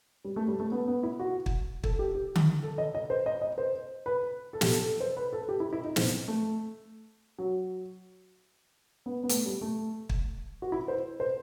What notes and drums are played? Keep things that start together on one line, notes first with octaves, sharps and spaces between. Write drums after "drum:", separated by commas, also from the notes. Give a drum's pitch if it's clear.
G3
A3
G3
A3
B3
B3
E4
F#4
drum: kick
A4, drum: kick
G4
G4
drum: tom D3
A4
D#5
D#5
C5
D#5
D#5
C5
B4
A4
G4, drum: snare
A4
C5
B4
A4
G4
E4
E4
D#4
C4, drum: snare
A3
F#3
B3
B3
A3, drum: hi-hat
G3
A3
drum: kick
F#4
E4
C5
C5